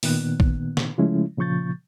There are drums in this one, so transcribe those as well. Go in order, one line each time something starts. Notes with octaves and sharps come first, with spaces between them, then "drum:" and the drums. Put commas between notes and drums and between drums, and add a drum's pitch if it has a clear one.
A#2 D#3 B3 F#6, drum: open hi-hat
drum: kick
drum: snare
C#3 F3 G#3 A3 C#4 E4
A#2 C#3 F3 C#6 G6 A6